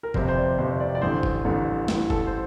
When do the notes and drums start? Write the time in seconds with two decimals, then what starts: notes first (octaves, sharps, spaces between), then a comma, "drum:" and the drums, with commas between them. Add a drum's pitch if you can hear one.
0.03 A#4
0.14 G1 F2 C3 C5, drum: kick F#1
0.28 C5
0.36 D5
0.58 G1 F2 C3 C5
0.80 D5
0.95 D5
1.02 A1 G2 D3 C5
1.23 drum: kick F#1
1.45 A1 G2 D3
1.88 A1 A2, drum: snare
2.10 A4, drum: kick F#1
2.27 C5